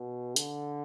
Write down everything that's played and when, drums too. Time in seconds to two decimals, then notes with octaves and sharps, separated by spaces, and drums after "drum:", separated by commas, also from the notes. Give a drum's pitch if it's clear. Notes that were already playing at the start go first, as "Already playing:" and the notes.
Already playing: B2
0.36 D3, drum: hi-hat